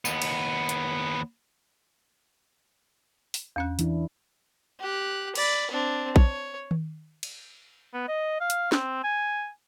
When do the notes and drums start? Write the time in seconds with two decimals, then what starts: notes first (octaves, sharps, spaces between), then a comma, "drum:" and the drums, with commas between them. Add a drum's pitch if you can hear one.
0.05 D#2 B3, drum: tambourine
0.22 drum: cymbal
0.69 drum: hi-hat
3.34 drum: open hi-hat
3.56 E2 C#4 F#6
3.79 E3 D4 E4, drum: hi-hat
4.80 G4 F#6
5.35 D5 B5, drum: cymbal
5.71 C4 D4
6.16 C#5, drum: kick A#1
6.71 drum: tom D#3
7.23 drum: cymbal
7.94 B3
8.08 D#5
8.40 F5
8.50 drum: hi-hat
8.72 C4, drum: snare
9.04 G#5